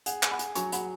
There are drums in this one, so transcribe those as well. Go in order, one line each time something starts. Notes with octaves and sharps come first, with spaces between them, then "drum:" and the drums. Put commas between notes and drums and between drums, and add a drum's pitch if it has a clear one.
G#4 F#5, drum: hi-hat
G#4, drum: clap
F#5 B5
G#4, drum: hi-hat
F#3 G#5 C#6, drum: hi-hat
G#4 F#5 B5, drum: hi-hat